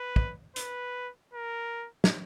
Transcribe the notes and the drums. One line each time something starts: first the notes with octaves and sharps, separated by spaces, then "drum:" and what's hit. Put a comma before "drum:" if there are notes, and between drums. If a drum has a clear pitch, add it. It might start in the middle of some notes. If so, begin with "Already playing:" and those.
Already playing: B4
drum: kick
B4, drum: hi-hat
A#4
drum: snare